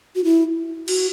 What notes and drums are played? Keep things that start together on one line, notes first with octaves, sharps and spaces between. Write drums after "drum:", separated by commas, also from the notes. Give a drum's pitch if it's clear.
F#4
E4
F#4, drum: cymbal